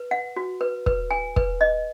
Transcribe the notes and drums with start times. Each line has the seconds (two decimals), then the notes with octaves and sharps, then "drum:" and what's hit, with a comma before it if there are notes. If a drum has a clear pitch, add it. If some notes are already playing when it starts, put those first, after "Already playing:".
Already playing: B4
0.11 F#5
0.36 F#4
0.61 B4
0.86 B4, drum: kick
1.11 G#5
1.36 B4, drum: kick
1.61 D#5